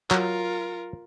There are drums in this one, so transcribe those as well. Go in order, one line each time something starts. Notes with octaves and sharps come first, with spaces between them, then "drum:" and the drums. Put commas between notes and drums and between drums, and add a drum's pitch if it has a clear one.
F#3 F4 A#4, drum: clap